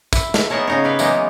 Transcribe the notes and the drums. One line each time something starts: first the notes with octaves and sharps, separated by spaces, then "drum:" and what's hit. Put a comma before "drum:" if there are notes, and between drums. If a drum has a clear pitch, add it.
E4, drum: kick, tambourine
drum: snare
B3 D#4 G#4 A#4 C#5 A5
C#3 D#4 C#5
G4 B4 F5 G5
E3 F#3 G#3 A#3 B3 D#4, drum: tambourine